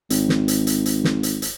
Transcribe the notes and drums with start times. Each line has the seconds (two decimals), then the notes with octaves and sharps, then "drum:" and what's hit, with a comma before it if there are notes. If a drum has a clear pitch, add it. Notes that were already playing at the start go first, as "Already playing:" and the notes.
0.10 G#1, drum: hi-hat
0.29 drum: snare
0.48 drum: hi-hat
0.67 drum: hi-hat
0.86 drum: hi-hat
1.04 drum: snare
1.23 drum: hi-hat
1.42 drum: hi-hat